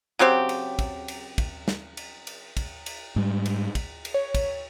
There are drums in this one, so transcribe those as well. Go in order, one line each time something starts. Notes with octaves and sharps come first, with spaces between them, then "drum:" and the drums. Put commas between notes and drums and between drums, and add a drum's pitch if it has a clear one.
C#3 F#3 C4 G4
drum: cymbal
drum: kick, cymbal
drum: cymbal
drum: kick, cymbal
drum: snare
drum: cymbal
drum: cymbal
drum: kick, cymbal
drum: cymbal
G#2 G3
drum: cymbal
drum: kick, cymbal
drum: cymbal
C#5
drum: kick, cymbal